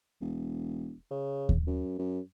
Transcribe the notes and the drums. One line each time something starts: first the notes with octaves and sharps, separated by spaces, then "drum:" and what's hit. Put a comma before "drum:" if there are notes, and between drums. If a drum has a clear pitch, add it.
E1
C#3
drum: kick D#2
F#2
F#2